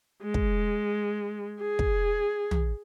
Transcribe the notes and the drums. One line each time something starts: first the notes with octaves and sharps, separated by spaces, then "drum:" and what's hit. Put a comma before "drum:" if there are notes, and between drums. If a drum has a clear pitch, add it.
G#3
drum: kick
G#4
drum: kick
drum: tom